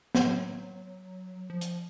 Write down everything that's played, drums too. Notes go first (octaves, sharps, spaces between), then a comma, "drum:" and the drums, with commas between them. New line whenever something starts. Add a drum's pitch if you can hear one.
F#3, drum: snare
F3
drum: hi-hat